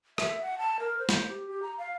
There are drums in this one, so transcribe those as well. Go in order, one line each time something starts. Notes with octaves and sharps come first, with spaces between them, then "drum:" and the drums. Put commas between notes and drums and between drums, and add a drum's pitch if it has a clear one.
E5, drum: rim click
F#5
A5
A#4
C5
drum: snare
G4
G4
A#5
F5